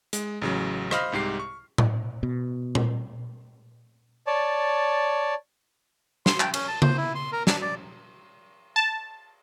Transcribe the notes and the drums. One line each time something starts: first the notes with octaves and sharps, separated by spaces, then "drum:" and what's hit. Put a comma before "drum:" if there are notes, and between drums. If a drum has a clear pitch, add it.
G#3, drum: hi-hat
A1 C#3 F#3
C5 D#5 F5 B5 F6, drum: rim click
C2 G#2 G4 C7
C#6
drum: tom A2
B2
drum: tom A#2
C#5 D5 A5
C6, drum: snare
G5, drum: clap
C#4, drum: cymbal
A5
C5, drum: tom C#3
E4
C6
A#4
D4, drum: snare
D5
A5